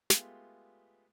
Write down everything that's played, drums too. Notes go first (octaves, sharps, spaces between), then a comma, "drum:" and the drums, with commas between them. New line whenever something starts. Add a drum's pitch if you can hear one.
G#3 A3 B3 F4 G4, drum: snare